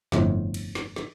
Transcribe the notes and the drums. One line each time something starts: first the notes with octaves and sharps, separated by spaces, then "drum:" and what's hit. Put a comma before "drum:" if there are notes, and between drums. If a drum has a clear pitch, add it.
G1 F2 A2, drum: snare
drum: cymbal
drum: snare
drum: snare